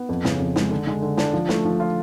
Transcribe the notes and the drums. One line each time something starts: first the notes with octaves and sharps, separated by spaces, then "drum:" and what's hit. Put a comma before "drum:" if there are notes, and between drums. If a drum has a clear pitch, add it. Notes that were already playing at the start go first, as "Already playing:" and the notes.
Already playing: B3
F2
C#3, drum: snare
F2
G#3, drum: snare
D3
G#3
D3
D4, drum: snare
F3
A3, drum: snare
F3
F4